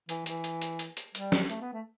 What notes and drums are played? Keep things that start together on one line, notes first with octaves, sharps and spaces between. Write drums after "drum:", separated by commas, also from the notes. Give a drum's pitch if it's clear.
E3, drum: hi-hat
E3, drum: hi-hat
drum: hi-hat
drum: hi-hat
drum: hi-hat
drum: hi-hat
G3, drum: hi-hat
drum: snare
A3, drum: hi-hat
B3
A3